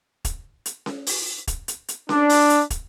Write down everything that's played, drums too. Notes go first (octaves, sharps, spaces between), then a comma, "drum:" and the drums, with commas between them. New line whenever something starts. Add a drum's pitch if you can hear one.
drum: kick, hi-hat
drum: hi-hat
drum: snare C#4
drum: open hi-hat
drum: kick, hi-hat
drum: hi-hat
drum: hi-hat
D4, drum: snare C#4
drum: open hi-hat
drum: hi-hat
drum: kick, hi-hat